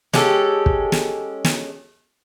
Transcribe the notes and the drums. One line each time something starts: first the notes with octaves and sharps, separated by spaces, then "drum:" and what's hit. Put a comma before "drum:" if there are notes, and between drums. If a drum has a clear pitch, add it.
G#3 C#4 G4 A4, drum: snare
drum: kick
drum: snare
drum: snare